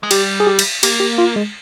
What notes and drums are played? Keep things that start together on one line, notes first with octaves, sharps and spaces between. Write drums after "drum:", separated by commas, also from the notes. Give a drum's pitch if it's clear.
G#3
G3 G4, drum: cymbal
G#4
G4
drum: cymbal
A#3 G4, drum: cymbal
G4
F4
G#3